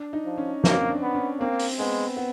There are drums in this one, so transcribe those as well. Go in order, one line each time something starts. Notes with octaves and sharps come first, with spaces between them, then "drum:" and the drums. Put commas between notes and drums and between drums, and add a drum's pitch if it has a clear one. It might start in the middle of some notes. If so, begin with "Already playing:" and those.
Already playing: D4
D#4
F3
C#4
A#3 C4, drum: snare
D4
B3
C#4
A#3 C4
drum: open hi-hat
G#3 B3
B3